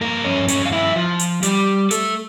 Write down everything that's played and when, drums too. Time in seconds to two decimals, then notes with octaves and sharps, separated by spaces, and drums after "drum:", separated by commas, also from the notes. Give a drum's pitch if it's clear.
0.01 G2 F3 A#3 A#4
0.24 C#4 C#5
0.48 C#4 C#5, drum: hi-hat
0.66 F5
0.72 E4 E5
0.96 F3 F4
1.19 drum: hi-hat
1.43 G3 G4, drum: hi-hat
1.91 A3 A4, drum: hi-hat